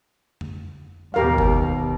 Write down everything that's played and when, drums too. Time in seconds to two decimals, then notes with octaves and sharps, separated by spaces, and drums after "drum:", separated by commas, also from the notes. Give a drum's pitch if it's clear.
0.41 drum: tom F2
1.14 D#2 B2 G4 A#4 F5
1.38 drum: kick F1